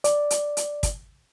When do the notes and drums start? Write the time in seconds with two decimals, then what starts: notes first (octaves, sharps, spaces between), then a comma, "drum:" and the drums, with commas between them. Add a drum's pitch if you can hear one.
0.04 D5, drum: hi-hat
0.30 drum: hi-hat
0.57 drum: hi-hat
0.83 drum: kick, hi-hat